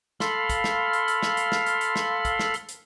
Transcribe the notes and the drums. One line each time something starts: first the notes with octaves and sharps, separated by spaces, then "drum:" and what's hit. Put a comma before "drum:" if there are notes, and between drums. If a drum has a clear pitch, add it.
A4 F5 B5 C6 F6, drum: snare
drum: kick, hi-hat
drum: snare
drum: hi-hat
drum: hi-hat
drum: snare
drum: hi-hat
drum: snare
drum: hi-hat
drum: hi-hat
drum: snare
drum: kick, hi-hat
drum: snare
drum: hi-hat
drum: hi-hat